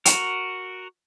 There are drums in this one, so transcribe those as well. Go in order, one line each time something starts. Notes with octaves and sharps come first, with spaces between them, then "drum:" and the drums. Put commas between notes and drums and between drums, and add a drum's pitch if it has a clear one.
F#4 A#4, drum: hi-hat